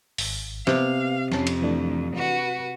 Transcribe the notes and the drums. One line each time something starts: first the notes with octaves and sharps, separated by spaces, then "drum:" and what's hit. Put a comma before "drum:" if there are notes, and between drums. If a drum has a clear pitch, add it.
G#1, drum: open hi-hat
C3 B3 F5, drum: snare
F2 C#4 A5 C7, drum: snare
drum: cymbal
E3 A3 D4
F#4 B4